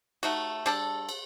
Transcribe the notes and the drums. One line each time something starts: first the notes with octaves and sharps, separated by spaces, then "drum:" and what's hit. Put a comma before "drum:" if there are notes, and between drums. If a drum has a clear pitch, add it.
A3 D#4 F#4, drum: cymbal
G3 D4 A4, drum: cymbal
drum: cymbal